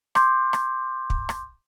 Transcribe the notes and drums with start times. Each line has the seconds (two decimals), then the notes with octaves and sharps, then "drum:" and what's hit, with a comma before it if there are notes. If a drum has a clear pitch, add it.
0.15 C6 D6 G6, drum: rim click
0.53 drum: rim click
1.10 drum: kick
1.29 drum: rim click